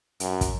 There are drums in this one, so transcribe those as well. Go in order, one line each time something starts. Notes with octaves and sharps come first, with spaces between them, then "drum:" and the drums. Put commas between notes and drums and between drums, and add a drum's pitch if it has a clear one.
F#2, drum: hi-hat
drum: kick, hi-hat